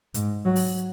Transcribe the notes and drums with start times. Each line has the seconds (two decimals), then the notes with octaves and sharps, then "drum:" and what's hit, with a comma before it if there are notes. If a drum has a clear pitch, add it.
0.14 G#2, drum: hi-hat
0.45 F#3
0.56 drum: open hi-hat